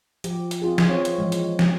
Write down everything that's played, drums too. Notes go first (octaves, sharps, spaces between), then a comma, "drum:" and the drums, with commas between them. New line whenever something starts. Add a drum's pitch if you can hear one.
F3 G4, drum: hi-hat
drum: hi-hat
C4 F4 G#4
drum: snare
C4 C#5 F5
drum: hi-hat
E3 F3 G#3
drum: hi-hat
drum: snare